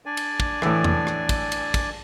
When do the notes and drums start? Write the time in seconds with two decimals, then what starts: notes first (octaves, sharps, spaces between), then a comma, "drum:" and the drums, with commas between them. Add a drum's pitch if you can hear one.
0.06 D4 D5 G#5
0.17 drum: cymbal
0.40 drum: kick
0.62 A2 E3, drum: rim click
0.84 drum: tom E2
1.07 drum: rim click
1.29 drum: kick, cymbal
1.52 drum: cymbal
1.74 drum: kick, cymbal